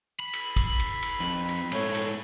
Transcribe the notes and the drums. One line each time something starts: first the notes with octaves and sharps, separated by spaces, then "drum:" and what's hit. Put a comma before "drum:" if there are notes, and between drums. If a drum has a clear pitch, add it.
B5
drum: cymbal
drum: kick, cymbal
drum: cymbal
drum: cymbal
F2
drum: cymbal
G#2 A3 C#5, drum: cymbal
drum: cymbal